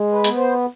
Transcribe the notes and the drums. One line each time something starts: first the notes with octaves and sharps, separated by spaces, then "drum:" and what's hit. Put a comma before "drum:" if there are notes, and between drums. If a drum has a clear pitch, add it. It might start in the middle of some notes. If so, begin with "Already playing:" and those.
Already playing: G#3
B4
B3, drum: hi-hat
C5